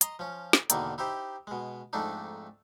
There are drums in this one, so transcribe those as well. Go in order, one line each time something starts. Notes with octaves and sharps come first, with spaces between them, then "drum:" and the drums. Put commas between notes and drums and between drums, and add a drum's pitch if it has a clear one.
D#5 A#5 C6, drum: hi-hat
F3 C#4
drum: snare
E2 B2 D3 D#3 A#3 D#4, drum: hi-hat
D#4 E4 G4 C5
B2 G#3
F2 G#2 A3 D4 D#4